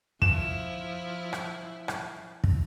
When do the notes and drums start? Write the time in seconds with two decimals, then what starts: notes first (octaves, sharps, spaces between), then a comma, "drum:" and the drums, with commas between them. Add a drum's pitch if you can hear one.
0.22 F3 E4 E7, drum: kick
1.33 drum: rim click
1.88 drum: rim click
2.44 drum: kick